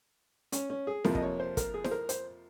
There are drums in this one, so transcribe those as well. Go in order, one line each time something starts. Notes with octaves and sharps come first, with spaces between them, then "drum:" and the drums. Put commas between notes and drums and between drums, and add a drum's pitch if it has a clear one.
C#4, drum: hi-hat
C#4
G#4
F2 C3 F3 A#3, drum: snare E4
D#5, drum: kick
C#5
C5
A#4, drum: kick, hi-hat
G#4
C5, drum: snare E4
A#4
C5, drum: hi-hat